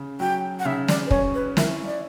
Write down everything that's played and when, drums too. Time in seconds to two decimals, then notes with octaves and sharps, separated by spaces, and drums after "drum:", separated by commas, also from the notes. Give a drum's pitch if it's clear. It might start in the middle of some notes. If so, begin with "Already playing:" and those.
Already playing: C#3
0.20 F#3 G5
0.59 F#5
0.65 C#3 E5
0.88 D5, drum: snare
1.06 B4
1.11 C#4 C#5, drum: kick
1.34 B4
1.57 E4 A#4, drum: snare
1.83 E5
1.87 D5